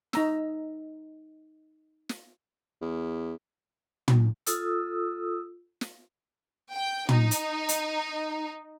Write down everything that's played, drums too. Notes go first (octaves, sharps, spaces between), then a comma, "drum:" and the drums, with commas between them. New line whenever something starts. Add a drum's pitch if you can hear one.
D#4 A#5 E6, drum: snare
drum: snare
E2
drum: tom
F4 A4 D#6 E6, drum: hi-hat
drum: snare
G5
D#4, drum: tom
drum: hi-hat
drum: hi-hat